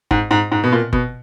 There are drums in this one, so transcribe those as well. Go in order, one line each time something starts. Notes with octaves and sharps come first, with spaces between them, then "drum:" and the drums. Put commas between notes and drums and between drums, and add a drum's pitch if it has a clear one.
G#2, drum: kick G1
G#2
G#2
B2
A#2
B2, drum: kick G1